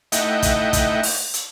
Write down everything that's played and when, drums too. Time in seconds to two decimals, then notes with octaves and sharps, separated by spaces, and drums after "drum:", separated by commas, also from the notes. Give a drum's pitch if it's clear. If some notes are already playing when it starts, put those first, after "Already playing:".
0.12 A3 D#4 E4 D#5 F#5 G5, drum: hi-hat
0.42 drum: kick, hi-hat
0.73 drum: kick, hi-hat
1.03 drum: open hi-hat
1.34 drum: hi-hat